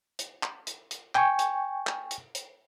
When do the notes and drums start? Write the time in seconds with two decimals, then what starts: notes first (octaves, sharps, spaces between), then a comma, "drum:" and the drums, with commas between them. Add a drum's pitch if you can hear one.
0.19 drum: hi-hat
0.43 drum: clap
0.67 drum: hi-hat
0.91 drum: hi-hat
1.15 G5 G#5 C#6, drum: clap
1.39 drum: hi-hat
1.87 drum: clap
2.11 drum: hi-hat
2.35 drum: hi-hat